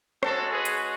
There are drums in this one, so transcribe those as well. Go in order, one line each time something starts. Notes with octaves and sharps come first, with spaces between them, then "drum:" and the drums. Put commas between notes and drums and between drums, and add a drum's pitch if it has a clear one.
G#3 C#4 F#4 A4, drum: rim click
G#4 B4
drum: hi-hat